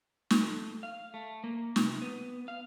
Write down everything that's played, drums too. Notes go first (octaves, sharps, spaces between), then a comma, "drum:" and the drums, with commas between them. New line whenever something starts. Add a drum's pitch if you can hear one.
drum: snare
A3
F5
A3
A#3
C3, drum: snare
B3
F5